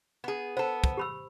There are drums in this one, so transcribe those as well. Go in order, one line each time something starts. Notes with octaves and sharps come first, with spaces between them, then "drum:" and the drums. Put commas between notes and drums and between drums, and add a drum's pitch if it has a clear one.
B3 G#4
B3 A4 C5
drum: kick
G4 B5 E6